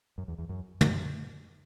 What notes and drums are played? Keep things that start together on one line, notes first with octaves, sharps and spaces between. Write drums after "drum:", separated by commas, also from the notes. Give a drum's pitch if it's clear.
F#2
E2
E2
F#2
F#2, drum: tom